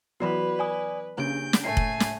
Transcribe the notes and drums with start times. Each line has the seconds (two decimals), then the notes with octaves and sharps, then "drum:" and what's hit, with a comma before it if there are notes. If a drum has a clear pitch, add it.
0.20 E3 F#3 B3 F#4 B4 D5 B5
0.59 D5 G#5 D#6
1.18 C#3 A#3 C#4 D4 G4 G6 D7
1.53 drum: snare
1.64 A2 A3 G#5 C7
1.77 drum: kick F1
2.00 drum: snare